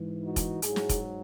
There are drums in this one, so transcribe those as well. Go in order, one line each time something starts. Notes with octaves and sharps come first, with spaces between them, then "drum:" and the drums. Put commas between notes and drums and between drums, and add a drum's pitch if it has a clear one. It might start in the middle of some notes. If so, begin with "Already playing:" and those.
Already playing: G#2 E3
D#4 F#4
drum: kick F1, hi-hat
G#2 F#3 E4 G#4, drum: hi-hat
drum: snare
drum: kick F1, hi-hat